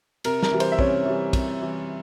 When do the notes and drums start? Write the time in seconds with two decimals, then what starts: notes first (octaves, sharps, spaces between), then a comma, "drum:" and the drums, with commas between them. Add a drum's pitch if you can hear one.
0.24 C3 A#4, drum: cymbal
0.43 A#4, drum: snare
0.51 E3 G3
0.60 C5, drum: cymbal
0.72 E5
0.79 C3 C#4 C#5, drum: kick
1.05 E3 G3
1.33 C3, drum: kick, cymbal
1.61 E3 G3